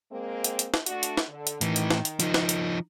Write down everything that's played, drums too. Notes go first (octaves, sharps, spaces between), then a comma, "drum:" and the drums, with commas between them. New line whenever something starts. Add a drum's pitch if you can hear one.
G#3 A#3 C4
drum: hi-hat
drum: hi-hat
drum: snare
A3 D4 F#4, drum: hi-hat
drum: hi-hat
drum: snare
D3
drum: hi-hat
A2 D#3 E3, drum: hi-hat
drum: hi-hat
drum: snare
drum: hi-hat
F3 D#4, drum: hi-hat
drum: snare
drum: hi-hat